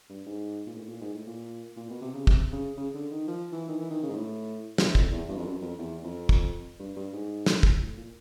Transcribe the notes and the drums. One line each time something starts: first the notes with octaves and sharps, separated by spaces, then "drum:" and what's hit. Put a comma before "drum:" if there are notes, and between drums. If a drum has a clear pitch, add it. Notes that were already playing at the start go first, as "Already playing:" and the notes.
G2
G#2
A#2
A2
A#2
G#2
A2
A#2
A#2
B2
C3
C#3
C3, drum: kick
C#3
C#3
D3
D#3
F3
E3
D#3
E3
D#3
C#3
G#2
A2
E2, drum: snare
F2, drum: kick
E2
G2
F2
F#2
F2
E2
F2
drum: kick
G2
G2
G#2
drum: snare
drum: kick
A2
A#2